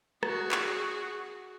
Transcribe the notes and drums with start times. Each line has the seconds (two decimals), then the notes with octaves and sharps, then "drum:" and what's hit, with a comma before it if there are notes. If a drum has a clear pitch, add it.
0.23 F#4 G#4, drum: rim click
0.52 drum: clap